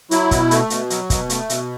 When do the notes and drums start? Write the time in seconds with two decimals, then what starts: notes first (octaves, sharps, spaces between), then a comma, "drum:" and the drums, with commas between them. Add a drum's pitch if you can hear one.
0.11 F#3 E4, drum: hi-hat
0.31 B2, drum: kick, hi-hat
0.51 A3, drum: hi-hat
0.70 B2, drum: hi-hat
0.90 F#3, drum: hi-hat
1.10 B2, drum: kick, hi-hat
1.30 A3, drum: hi-hat
1.49 B2, drum: hi-hat